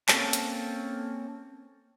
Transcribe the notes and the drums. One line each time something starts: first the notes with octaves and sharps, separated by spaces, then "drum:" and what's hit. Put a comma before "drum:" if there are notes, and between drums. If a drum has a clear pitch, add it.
A#3 C4 C#4 A4 C#5 A5, drum: clap
drum: hi-hat